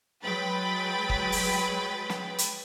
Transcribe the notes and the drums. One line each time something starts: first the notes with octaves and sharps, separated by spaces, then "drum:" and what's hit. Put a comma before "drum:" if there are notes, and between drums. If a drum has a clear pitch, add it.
F#3 G#3 B4 G5 B5 A6
drum: kick
drum: open hi-hat
drum: snare
drum: hi-hat